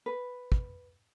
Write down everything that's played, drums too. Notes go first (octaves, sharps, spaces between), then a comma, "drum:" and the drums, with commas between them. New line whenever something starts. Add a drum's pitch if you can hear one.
B4
drum: kick